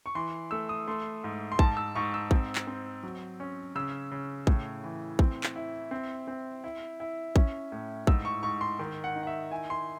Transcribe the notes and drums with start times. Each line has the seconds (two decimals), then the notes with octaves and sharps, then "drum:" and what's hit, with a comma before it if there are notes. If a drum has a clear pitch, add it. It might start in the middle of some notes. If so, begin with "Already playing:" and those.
0.06 C#6
0.15 E3 C6
0.51 A3 E6
0.69 D#6
0.88 A3 C6
1.24 G#2
1.52 C6
1.59 G#2 A5, drum: kick
1.77 E6
1.95 G#2 C#6
2.14 E6
2.31 C4, drum: kick
2.55 drum: clap
2.67 C4
3.03 F#3
3.40 C#4
3.75 C#3 E6
4.11 C#3
4.47 A2, drum: kick
4.84 E3
5.19 C4, drum: kick
5.43 drum: clap
5.56 E4
5.91 C4
6.28 C4
6.64 E4
7.00 E4
7.36 C#4, drum: kick
7.72 A2
8.07 G#2 E6, drum: kick
8.25 C#6
8.43 G#2 C#6
8.61 C6
8.79 D#3
9.04 F#5
9.16 D#4
9.23 F#5
9.27 E5
9.51 E4 G#5
9.70 C6